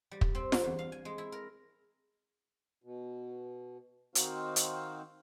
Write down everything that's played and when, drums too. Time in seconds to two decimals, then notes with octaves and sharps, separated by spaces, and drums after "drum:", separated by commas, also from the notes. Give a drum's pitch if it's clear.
0.11 G3
0.21 drum: kick
0.35 C4
0.52 D3, drum: snare F4
0.64 E2
0.79 F5
0.92 G#5
1.05 G#3
1.18 E4
1.32 A#4
2.84 B2
4.15 D#3 C4 D#4 F#4 C5 F5, drum: hi-hat
4.56 drum: hi-hat